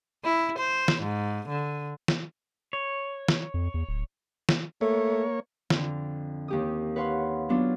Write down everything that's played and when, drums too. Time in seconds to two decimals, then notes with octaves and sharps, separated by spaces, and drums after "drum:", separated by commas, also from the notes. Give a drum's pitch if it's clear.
0.24 E4
0.58 C5
0.88 drum: snare
1.02 G#2
1.48 D3
2.08 drum: snare
2.73 C#5
3.28 drum: snare
3.54 F2
3.74 E2
3.89 D1
4.49 drum: snare
4.81 A3 A#3 C#5
5.70 F2 D3, drum: snare
6.48 D#2 G4 D#6
6.96 B4 C#5 F5 F#5 C6
7.49 F#3 B3 D4 F4